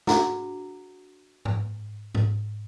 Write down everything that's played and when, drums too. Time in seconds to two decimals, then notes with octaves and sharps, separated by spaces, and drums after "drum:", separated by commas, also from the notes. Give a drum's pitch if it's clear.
0.07 D4 F#4 G#4 F#5 A#5 D6, drum: snare
1.45 drum: tom G#2
2.15 drum: tom G#2